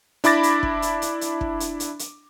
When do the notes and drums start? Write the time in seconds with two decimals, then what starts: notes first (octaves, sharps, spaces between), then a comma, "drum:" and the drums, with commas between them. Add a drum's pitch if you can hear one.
0.24 D4 E4 B5 D6 A6 A#6, drum: hi-hat
0.43 drum: hi-hat
0.63 drum: kick
0.82 drum: hi-hat
1.02 drum: hi-hat
1.21 drum: hi-hat
1.41 drum: kick
1.60 drum: hi-hat
1.80 drum: hi-hat
1.99 drum: hi-hat